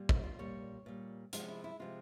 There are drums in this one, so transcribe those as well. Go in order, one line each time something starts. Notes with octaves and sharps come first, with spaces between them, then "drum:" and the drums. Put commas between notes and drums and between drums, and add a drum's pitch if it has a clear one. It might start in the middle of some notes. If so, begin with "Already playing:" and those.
Already playing: A#2 G3
drum: kick
F4
A#2 G3 C#5
A#2 G3
C3 F3 G#3 F4, drum: hi-hat
C#4
E4
E4
C3 F3 G#3 F4